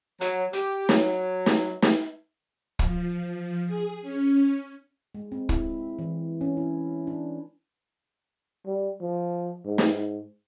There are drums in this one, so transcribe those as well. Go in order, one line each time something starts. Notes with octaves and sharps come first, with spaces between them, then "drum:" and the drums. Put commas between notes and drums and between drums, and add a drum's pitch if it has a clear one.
F#3, drum: hi-hat
G4, drum: hi-hat
F#3, drum: snare
drum: snare
drum: snare
F3, drum: kick
G#4
C#4
G#3
C4
E4, drum: kick
E3
C#4
E4
D4
G3
F3
G#2
drum: snare